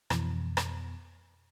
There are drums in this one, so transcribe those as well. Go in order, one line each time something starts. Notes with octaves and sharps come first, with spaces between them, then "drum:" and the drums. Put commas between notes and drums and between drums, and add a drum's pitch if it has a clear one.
F2 B2 E3, drum: rim click
drum: rim click